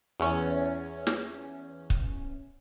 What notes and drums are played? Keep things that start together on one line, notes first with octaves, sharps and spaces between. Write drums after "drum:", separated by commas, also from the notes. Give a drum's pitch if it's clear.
E2 C#4
drum: snare
drum: kick